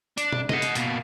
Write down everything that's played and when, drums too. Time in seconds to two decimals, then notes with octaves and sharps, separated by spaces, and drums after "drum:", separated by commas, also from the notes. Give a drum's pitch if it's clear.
0.18 D4, drum: hi-hat
0.32 drum: tom
0.49 D#5 F#5, drum: snare
0.62 drum: hi-hat
0.75 B2 A#3, drum: hi-hat